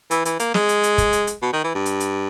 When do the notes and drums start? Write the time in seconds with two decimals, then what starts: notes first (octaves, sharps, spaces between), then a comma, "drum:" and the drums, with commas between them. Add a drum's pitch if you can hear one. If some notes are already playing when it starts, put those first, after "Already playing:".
0.11 E3, drum: hi-hat
0.25 E3, drum: hi-hat
0.40 A#3, drum: hi-hat
0.54 G#3, drum: snare
0.69 drum: hi-hat
0.83 drum: hi-hat
0.98 drum: kick, hi-hat
1.13 drum: hi-hat
1.27 drum: hi-hat
1.42 B2
1.53 D#3
1.64 E3
1.75 G2
1.86 drum: hi-hat
2.00 drum: hi-hat